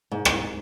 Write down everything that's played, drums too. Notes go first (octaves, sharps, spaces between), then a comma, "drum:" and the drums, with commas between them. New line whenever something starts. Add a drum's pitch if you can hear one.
G#2
drum: rim click